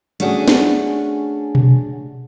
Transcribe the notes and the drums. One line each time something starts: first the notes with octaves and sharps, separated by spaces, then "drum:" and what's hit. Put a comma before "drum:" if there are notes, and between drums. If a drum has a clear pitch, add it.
A3 C#4 D4 F#4 G#4, drum: hi-hat
drum: snare
drum: tom B2